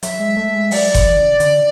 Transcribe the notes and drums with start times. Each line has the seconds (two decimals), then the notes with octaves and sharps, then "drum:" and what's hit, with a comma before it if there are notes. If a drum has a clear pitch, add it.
0.03 F#3 E5, drum: hi-hat
0.20 G#3
0.37 A3
0.54 G#3
0.71 F#3 D5, drum: open hi-hat
0.94 E3, drum: kick F#1, hi-hat
1.16 C#3
1.40 D3, drum: hi-hat